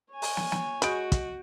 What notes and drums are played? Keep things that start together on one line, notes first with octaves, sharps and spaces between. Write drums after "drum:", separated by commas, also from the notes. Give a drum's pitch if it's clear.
C#5 G#5
drum: open hi-hat
drum: snare
drum: snare
G#3 F#4 D#5 B5 G6 D7, drum: hi-hat
drum: kick, hi-hat